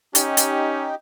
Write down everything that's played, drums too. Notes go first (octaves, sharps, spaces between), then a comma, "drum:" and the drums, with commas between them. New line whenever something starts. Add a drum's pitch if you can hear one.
C#4 D#4 G4, drum: hi-hat
drum: hi-hat